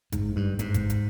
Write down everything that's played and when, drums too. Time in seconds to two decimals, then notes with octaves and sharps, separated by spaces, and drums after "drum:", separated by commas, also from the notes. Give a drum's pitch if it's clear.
0.12 G#2, drum: kick, hi-hat
0.36 G2
0.59 G#2, drum: hi-hat
0.74 drum: kick, hi-hat
0.90 drum: hi-hat